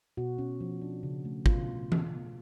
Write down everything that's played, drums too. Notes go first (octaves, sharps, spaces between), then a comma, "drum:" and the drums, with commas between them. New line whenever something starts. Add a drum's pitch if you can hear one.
B2 F#4
C#4
F3
D4
C#3
A3
B2 F4, drum: kick
drum: tom E3